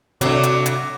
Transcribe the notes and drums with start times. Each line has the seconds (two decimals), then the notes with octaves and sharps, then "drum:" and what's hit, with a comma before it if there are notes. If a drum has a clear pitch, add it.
0.21 C3 F#3 A3 D4 D6, drum: hi-hat
0.43 drum: hi-hat
0.66 drum: hi-hat